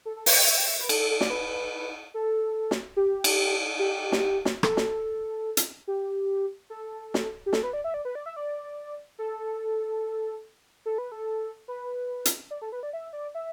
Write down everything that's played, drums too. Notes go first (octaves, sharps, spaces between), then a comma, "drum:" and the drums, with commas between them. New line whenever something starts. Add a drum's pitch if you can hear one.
A4
A4
B4, drum: open hi-hat
G5
E5
G5
E5
B4
A4, drum: cymbal
A4
A4
D5, drum: snare
B4
A4
drum: snare
G4
drum: cymbal
G4
drum: snare
drum: snare
A4, drum: rim click
drum: snare
drum: hi-hat
G4
A4
drum: snare
G4
A4, drum: snare
B4
D5
E5
D5
B4
D5
E5
D5
A4
A4
B4
A4
B4
drum: hi-hat
D5
A4
B4
D5
E5
D5
E5